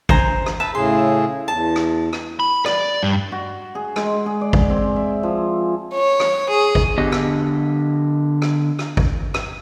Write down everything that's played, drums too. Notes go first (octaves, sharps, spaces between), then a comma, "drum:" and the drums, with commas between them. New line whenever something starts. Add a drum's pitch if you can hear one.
C5 G#5 A#5, drum: kick G#1
drum: rim click
B4 E5 A5
A2 C#3 G#4 C6
E2 A5
drum: rim click
drum: rim click
B5
D5, drum: rim click
G2
F#4
G#4
G#3, drum: rim click
G#4
D5
drum: kick G#1
C4
E5
F3
C#5
drum: rim click
G#4
drum: kick G#1
D3 B3 G4 D#5
drum: rim click
drum: rim click
drum: rim click
drum: kick G#1
drum: rim click